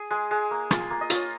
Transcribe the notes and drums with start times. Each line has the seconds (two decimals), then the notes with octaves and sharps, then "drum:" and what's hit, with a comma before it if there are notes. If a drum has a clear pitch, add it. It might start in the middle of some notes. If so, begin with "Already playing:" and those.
Already playing: G#4
0.11 G#3
0.31 G#3
0.51 A#3
0.71 F4, drum: rim click
0.90 A#3
1.01 D#5
1.10 F4 C#5, drum: hi-hat